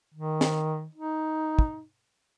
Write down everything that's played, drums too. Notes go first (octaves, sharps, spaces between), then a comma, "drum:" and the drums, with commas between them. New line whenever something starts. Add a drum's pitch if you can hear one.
D#3
drum: snare
D#4
drum: kick